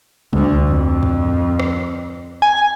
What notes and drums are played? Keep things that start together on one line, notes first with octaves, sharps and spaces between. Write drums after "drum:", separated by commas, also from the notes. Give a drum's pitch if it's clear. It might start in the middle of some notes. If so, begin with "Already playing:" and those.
D2 D3, drum: tom G3
F2
drum: tom G#2
drum: rim click
G#5